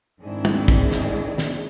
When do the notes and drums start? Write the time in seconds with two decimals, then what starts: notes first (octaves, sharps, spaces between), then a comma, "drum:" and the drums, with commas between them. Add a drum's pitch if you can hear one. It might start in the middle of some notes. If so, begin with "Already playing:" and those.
0.21 G#2 D#3 C4 D4 E4 G#4
0.45 drum: tom
0.68 drum: kick
0.92 drum: snare
1.38 drum: snare